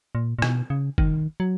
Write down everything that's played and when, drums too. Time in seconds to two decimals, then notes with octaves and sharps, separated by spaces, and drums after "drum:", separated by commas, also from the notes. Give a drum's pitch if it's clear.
0.15 A#2
0.39 A#2
0.42 B2, drum: rim click
0.70 C#3
0.98 D#3, drum: kick F#1
1.40 F#3